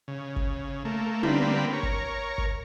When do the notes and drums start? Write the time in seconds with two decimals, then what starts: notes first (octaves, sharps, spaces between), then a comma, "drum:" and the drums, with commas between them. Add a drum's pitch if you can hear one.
0.08 C#3
0.36 drum: kick G1
0.85 A3 A#3
1.23 D3 G3 A#3 C4 B4, drum: tom
1.73 A#4 C#5
1.83 drum: kick G1
2.38 drum: kick G1